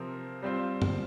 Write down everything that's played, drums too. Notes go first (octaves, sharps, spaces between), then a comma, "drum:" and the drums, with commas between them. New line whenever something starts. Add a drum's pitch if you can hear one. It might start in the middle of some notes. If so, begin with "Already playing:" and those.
Already playing: C3 F3 C4 A#4
G3 C4 F4 C5
drum: tom F#2